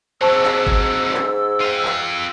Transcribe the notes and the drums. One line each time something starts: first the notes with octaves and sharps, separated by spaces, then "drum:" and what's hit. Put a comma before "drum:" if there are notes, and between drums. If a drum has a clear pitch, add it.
G#2 C3 F#3 C5 A5 C#6 E6
drum: clap
drum: kick G1
drum: clap
F4 G5 D#7
drum: clap